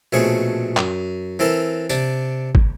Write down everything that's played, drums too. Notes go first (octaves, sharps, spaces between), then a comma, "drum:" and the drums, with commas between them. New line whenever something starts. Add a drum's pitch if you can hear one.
A#1 B2 A3 C4 G#4 C#5
F#2, drum: clap
E3 C4 A4 A#4 A5
C3 D4 D5, drum: tambourine
drum: kick